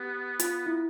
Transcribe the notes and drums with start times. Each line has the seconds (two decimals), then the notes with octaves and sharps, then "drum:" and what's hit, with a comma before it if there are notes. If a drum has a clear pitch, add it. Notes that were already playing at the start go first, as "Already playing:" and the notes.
Already playing: B3 G4
0.40 F4, drum: hi-hat
0.66 E4